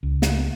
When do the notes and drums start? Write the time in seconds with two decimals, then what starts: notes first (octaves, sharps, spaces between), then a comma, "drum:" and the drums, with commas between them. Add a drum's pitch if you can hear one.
0.03 C#2
0.22 drum: snare